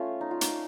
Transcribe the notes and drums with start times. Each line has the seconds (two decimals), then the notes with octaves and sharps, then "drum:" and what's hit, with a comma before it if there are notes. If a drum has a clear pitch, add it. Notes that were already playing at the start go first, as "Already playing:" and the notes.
Already playing: A3 C#4 F4
0.21 D#4
0.31 F4
0.41 D#4, drum: hi-hat